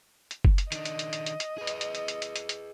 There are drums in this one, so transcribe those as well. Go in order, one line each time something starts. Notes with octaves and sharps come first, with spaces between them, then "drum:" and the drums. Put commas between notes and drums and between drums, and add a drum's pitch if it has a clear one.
drum: hi-hat
drum: kick F#1
drum: hi-hat
D#3 D4 D#5, drum: hi-hat
drum: hi-hat
drum: hi-hat
drum: hi-hat
drum: hi-hat
drum: hi-hat
G#4 B4
drum: hi-hat
drum: hi-hat
drum: hi-hat
drum: hi-hat
drum: hi-hat
drum: hi-hat
drum: hi-hat